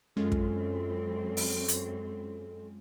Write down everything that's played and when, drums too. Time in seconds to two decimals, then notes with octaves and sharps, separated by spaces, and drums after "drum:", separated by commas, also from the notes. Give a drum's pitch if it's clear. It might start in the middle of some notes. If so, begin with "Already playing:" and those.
0.17 F#2 G#3 C4 C#4 F4 A4
0.32 drum: kick
1.37 drum: open hi-hat
1.68 drum: hi-hat